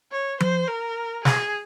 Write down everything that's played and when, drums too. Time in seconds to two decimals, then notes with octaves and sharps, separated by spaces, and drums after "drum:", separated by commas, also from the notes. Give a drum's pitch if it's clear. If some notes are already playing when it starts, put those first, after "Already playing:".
0.12 C#5
0.40 C5, drum: tom F3
0.68 A#4
1.25 G#4, drum: snare